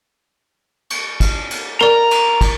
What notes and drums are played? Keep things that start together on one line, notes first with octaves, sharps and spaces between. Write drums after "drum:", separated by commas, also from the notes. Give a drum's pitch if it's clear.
drum: cymbal
drum: kick, cymbal
drum: cymbal
A#4 D5 A#5, drum: rim click
drum: cymbal
drum: kick, cymbal